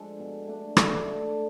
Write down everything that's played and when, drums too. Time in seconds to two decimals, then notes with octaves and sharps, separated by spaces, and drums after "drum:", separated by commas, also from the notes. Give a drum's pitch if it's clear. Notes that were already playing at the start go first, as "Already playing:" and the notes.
Already playing: F3 G#3 D4 A4
0.19 B2
0.47 A3 D4
0.77 B2, drum: rim click
1.05 A3 D4